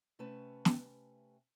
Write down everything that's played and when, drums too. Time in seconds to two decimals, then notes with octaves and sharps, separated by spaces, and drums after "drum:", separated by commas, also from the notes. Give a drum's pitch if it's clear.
0.19 C3 A3 C#4 B4 A5
0.65 drum: snare